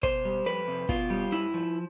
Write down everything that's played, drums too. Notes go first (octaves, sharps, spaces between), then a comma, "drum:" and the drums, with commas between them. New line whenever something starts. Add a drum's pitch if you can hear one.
B2 C5, drum: kick
G3
F2 B4
C3
B2 F4, drum: kick
G3
G2 E4
F3